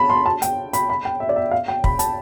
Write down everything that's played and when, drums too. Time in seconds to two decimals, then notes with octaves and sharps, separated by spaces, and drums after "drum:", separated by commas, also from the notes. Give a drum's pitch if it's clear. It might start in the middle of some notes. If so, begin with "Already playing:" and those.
Already playing: A5 B5
0.10 C6
0.26 A5
0.42 G5, drum: hi-hat
0.73 B5, drum: hi-hat
0.90 B5
1.05 G5
1.20 E5
1.29 D5
1.36 E5
1.51 F5
1.68 G5
1.84 B5, drum: kick
1.99 A5, drum: hi-hat